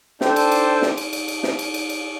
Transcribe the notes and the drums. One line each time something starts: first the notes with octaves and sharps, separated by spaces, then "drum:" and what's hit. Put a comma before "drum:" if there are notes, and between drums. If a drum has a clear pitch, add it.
D4 A4 C5 G5, drum: snare
drum: cymbal
drum: cymbal
drum: snare
drum: cymbal
drum: cymbal
drum: cymbal
drum: snare
drum: cymbal
drum: cymbal
drum: cymbal